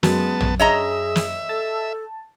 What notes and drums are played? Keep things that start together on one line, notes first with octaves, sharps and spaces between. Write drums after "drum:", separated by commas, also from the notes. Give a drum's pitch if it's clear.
F#2 G#3 B3 A5, drum: snare
drum: tom
G#4 C#5 D#5 E5 A#5
drum: snare
A4 A5